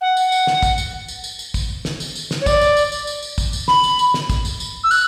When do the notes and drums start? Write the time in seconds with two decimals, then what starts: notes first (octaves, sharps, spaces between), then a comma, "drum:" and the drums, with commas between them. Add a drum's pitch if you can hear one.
0.01 F#5
0.17 drum: tambourine
0.32 drum: tambourine
0.47 drum: snare
0.63 drum: kick, tambourine
0.78 drum: tambourine
1.08 drum: tambourine
1.24 drum: tambourine
1.39 drum: tambourine
1.54 drum: kick, tambourine
1.85 drum: snare
2.00 drum: tambourine
2.15 drum: tambourine
2.31 drum: snare
2.41 C#5
2.46 D5, drum: kick, tambourine
2.61 drum: tambourine
2.77 drum: tambourine
2.92 drum: tambourine
3.07 drum: tambourine
3.22 drum: tambourine
3.38 drum: kick, tambourine
3.53 drum: tambourine
3.68 B5, drum: snare
3.84 drum: tambourine
3.99 drum: tambourine
4.14 drum: snare
4.30 drum: kick, tambourine
4.45 drum: tambourine
4.60 drum: tambourine
4.84 E6
4.91 F#6, drum: tambourine